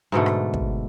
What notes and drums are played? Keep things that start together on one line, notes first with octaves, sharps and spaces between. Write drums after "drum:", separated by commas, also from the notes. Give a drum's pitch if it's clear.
G#2 B2 D3 A3
drum: rim click
drum: kick